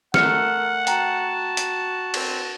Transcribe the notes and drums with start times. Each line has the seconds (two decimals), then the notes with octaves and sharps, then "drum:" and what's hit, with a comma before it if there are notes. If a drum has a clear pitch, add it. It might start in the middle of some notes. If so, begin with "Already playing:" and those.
0.14 A3 A#4 F#5 F6 C#7, drum: snare
0.87 F#4 G5 A5 A#5, drum: hi-hat
1.57 drum: hi-hat
2.14 C4, drum: cymbal